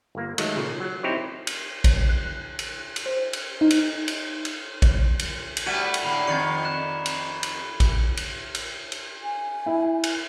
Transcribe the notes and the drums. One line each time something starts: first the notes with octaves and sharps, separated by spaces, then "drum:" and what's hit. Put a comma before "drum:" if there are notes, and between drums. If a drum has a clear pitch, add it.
G1 A#3
D#3 F#3 G#3 A3, drum: cymbal
A#2 C#3
F#3
C4 D#4 E4 G4 C5 C#5
drum: cymbal
drum: kick A1, cymbal
F#6
drum: cymbal
drum: cymbal
C5
drum: cymbal
D#4
drum: cymbal
drum: cymbal
drum: cymbal
drum: kick A1, cymbal
drum: cymbal
drum: cymbal
G3 A3 F#4 G#6 B6 D#7
drum: cymbal
A2 D3 A#3 B5 F7
F2 D#3 D5 G#6 C#7
F#6 E7
drum: cymbal
drum: cymbal
drum: kick A1, cymbal
drum: cymbal
drum: cymbal
drum: cymbal
G#5
E4
drum: cymbal